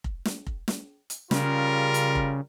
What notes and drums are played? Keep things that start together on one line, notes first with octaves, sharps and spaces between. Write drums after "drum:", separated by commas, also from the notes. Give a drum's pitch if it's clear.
drum: kick F1
drum: snare
drum: kick F1
drum: snare
drum: hi-hat
C#3 G3 F4 A#4, drum: snare
drum: hi-hat
drum: kick F1